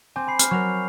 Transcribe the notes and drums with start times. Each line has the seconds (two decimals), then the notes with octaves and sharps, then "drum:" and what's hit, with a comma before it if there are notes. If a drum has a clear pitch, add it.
0.16 C4 G#5 D6 G6
0.27 G#5 B5 C7
0.39 F6, drum: hi-hat
0.51 F#3 A#4 C#6 F6 F7